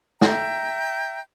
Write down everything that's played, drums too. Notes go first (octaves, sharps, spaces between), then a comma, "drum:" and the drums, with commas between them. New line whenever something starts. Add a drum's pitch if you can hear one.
E5 G5 A#5 G6, drum: snare